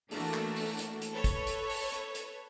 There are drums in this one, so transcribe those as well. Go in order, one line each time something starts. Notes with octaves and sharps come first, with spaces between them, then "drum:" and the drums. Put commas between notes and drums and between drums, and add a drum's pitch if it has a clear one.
E3 A3 A#3 D4 F#4, drum: open hi-hat
drum: clap
drum: open hi-hat
drum: hi-hat
drum: hi-hat
A4 B4 C#5
drum: kick, hi-hat
drum: hi-hat
drum: open hi-hat
drum: hi-hat
drum: hi-hat